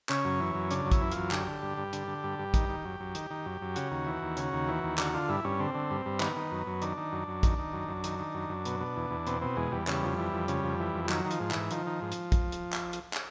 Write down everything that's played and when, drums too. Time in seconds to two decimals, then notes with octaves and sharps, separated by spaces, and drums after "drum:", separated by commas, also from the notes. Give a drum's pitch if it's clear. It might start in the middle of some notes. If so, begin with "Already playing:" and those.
0.09 C#3 C#4, drum: clap
0.25 F#2
0.40 E3
0.55 F#2
0.71 C#3 D4, drum: hi-hat
0.85 F#2
0.92 E4, drum: kick, hi-hat
1.01 E3
1.12 F4, drum: hi-hat
1.17 F#2
1.31 D3 G4, drum: clap
1.47 D3
1.62 G2
1.77 G2
1.93 D3, drum: hi-hat
2.08 D3
2.23 G2
2.39 G2
2.54 D#3, drum: kick, hi-hat
2.69 D#3
2.85 F#2
3.00 F#2
3.15 D#3, drum: hi-hat
3.30 D#3
3.46 F#2
3.61 F#2
3.76 C#3 F#4, drum: hi-hat
3.91 D#2
4.06 E3
4.22 D#2
4.37 C#3, drum: hi-hat
4.53 D#2
4.68 E3
4.84 D#2
4.98 D3 F#4, drum: clap
5.14 D3 F4
5.29 G2 E4
5.44 G2 C#4
5.60 D3 C4
5.74 D3
5.91 G2
6.06 G2
6.20 D#3 B3, drum: clap
6.36 D#3
6.51 F#2
6.67 F#2
6.82 D#3 D4, drum: hi-hat
6.97 D#3
7.12 F#2
7.28 F#2
7.43 D#3, drum: kick, hi-hat
7.59 D#3
7.73 F#2
7.89 F#2
8.04 D#3, drum: hi-hat
8.19 D#3
8.35 F#2
8.49 F#2
8.65 B2, drum: hi-hat
8.80 B2
8.96 E2
9.11 E2
9.27 B2 C4, drum: hi-hat
9.41 B2 C4
9.57 E2 G#3
9.72 E2 G3
9.87 C#3 G3, drum: clap
10.03 F2
10.18 E3
10.33 F2
10.48 C#3, drum: hi-hat
10.64 F2
10.80 E3
10.95 F2
11.05 G3
11.09 D#3 F#3, drum: clap
11.25 D#3
11.31 F3, drum: hi-hat
11.40 G#2
11.51 G#2 E3, drum: clap
11.71 D#3 F3, drum: hi-hat
11.86 D#3
12.02 G#2
12.12 drum: hi-hat
12.32 drum: kick, hi-hat
12.52 drum: hi-hat
12.73 drum: clap
12.93 drum: hi-hat
13.14 drum: clap